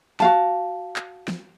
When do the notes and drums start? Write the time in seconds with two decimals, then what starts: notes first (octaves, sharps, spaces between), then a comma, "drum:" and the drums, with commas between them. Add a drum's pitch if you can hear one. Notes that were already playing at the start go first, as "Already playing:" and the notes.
0.20 F#4 F5 A5, drum: snare
0.96 drum: clap
1.28 drum: snare